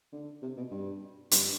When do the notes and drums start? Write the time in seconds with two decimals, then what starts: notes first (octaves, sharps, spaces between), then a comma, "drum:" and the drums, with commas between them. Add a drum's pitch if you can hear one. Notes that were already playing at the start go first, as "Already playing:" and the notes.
0.12 D3
0.42 C3
0.57 B2
0.71 G2
1.31 G2, drum: hi-hat